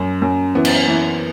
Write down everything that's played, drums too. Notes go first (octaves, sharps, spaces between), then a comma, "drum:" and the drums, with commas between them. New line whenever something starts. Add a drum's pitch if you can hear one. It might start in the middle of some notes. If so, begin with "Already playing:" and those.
Already playing: F#2
F#2
E3 B3
drum: cymbal
E3